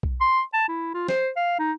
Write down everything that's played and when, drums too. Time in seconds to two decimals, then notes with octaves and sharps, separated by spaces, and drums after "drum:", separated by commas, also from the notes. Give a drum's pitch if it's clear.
0.03 drum: kick B1
0.21 C6
0.53 A5
0.68 E4
0.94 F4
1.08 C5, drum: snare
1.36 F5
1.59 D#4